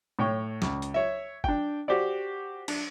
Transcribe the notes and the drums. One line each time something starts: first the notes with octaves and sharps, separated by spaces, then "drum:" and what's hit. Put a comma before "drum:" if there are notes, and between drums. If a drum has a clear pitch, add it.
A2 C#5 G5 C#6
C#2, drum: snare
drum: hi-hat
C#5 E5
D4 G5, drum: kick
F#4 G4 C5 D5
D4, drum: cymbal